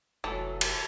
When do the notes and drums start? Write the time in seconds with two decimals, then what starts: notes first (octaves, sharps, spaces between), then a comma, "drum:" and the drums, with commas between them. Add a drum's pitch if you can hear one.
0.24 F1 E3 F#3 A4
0.61 drum: cymbal